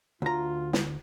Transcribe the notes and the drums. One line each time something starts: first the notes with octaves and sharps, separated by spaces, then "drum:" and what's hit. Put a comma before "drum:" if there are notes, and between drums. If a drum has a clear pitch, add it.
D2 F4 A#5
drum: snare